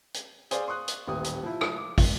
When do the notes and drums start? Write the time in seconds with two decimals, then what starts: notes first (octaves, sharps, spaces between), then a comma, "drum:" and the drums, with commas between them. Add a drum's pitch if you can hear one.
0.14 drum: hi-hat
0.51 G#4 C5 D5 F5, drum: hi-hat
0.68 C6 C#6 D#6 F#6
0.88 drum: hi-hat
1.08 D#1 A1 D#6
1.24 drum: hi-hat
1.43 F3 E4
1.61 drum: rim click
1.78 D6
1.98 drum: kick, open hi-hat